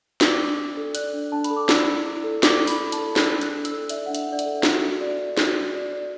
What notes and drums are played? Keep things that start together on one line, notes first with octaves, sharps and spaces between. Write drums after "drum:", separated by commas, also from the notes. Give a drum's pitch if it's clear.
D5 E6, drum: snare
D6
D4 E6
D4
A4
D5 F#6, drum: hi-hat
D4
D4 A5
B5, drum: hi-hat
A4
D6
D5 E6, drum: snare
E4
E4
A4
D5 D6, drum: snare
E4
B5, drum: open hi-hat
E4 B5
A5, drum: hi-hat
A4
D5 E6, drum: snare
D4
F#6, drum: hi-hat
D4
E6, drum: hi-hat
A4
D5 E5, drum: hi-hat
D4 F#5
E5, drum: hi-hat
D4
D5
E5, drum: hi-hat
A4
F#4, drum: snare
F#4
D5
D5
F#4, drum: snare
F#4
D5
D5